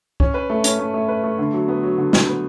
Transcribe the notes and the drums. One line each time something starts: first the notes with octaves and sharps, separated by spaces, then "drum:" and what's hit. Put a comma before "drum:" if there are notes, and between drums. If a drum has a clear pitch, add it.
C#4, drum: kick C2
B4
A3
C#4, drum: hi-hat
A3
A3
B4
A3
D3
F#3
B3
F#3
D3
B3, drum: snare
B3